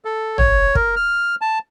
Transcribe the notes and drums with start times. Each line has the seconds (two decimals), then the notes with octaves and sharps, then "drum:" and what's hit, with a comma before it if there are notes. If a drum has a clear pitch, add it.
0.05 A4
0.38 C#5, drum: tom
0.75 A#4, drum: kick
0.96 F6
1.41 A5